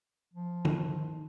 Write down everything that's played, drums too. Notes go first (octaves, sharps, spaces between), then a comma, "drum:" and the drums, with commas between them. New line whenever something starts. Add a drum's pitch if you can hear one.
F3
D#3, drum: tom D3